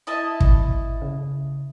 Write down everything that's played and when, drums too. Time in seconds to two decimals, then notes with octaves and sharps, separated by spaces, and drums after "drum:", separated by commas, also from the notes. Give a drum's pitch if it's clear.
0.07 E4 D#5 A5
0.40 G#1, drum: kick
1.02 C#3